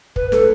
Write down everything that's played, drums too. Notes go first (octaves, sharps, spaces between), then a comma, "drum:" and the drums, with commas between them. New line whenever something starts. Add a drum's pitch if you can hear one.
B4, drum: kick
A4, drum: snare